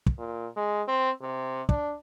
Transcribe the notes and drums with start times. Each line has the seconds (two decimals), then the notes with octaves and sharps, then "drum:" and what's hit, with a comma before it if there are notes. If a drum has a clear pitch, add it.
0.06 drum: kick
0.18 A#2
0.56 G#3
0.88 C4
1.22 C3
1.69 D4, drum: kick